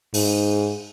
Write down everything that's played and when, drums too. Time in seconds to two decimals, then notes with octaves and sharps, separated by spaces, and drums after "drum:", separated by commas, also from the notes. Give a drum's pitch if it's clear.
0.14 G#2, drum: open hi-hat